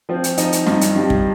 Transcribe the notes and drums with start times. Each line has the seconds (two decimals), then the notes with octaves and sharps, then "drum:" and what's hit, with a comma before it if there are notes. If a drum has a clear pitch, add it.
0.09 F3 C4
0.24 drum: hi-hat
0.38 F3 D#4, drum: hi-hat
0.53 drum: hi-hat
0.66 G2 D#4, drum: snare
0.81 drum: hi-hat
0.96 G2 G4
1.10 drum: kick